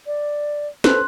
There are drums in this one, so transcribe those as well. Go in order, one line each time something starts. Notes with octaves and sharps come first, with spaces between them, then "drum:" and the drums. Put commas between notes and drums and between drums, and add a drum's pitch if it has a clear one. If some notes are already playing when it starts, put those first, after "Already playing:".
D5
A4 B4 C5 C6 F#6, drum: snare